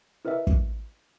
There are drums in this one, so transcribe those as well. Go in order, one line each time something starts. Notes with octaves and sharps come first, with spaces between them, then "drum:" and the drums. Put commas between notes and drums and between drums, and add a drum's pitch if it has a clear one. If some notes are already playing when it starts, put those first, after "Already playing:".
E4 A#4 B4 D#5 E5
drum: kick